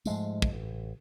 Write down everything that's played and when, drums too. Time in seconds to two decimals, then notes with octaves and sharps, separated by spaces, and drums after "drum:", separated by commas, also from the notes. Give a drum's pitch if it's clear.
0.05 G#2 F3 G#3 A3, drum: tambourine
0.42 drum: kick
0.53 A1